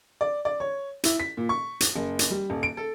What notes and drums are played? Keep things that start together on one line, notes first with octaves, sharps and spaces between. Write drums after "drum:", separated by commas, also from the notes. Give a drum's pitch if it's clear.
D5
D5
C#5
E4, drum: hi-hat
B6
A#2
C#6
drum: hi-hat
F#1
drum: hi-hat
G3
D#1
D7
A4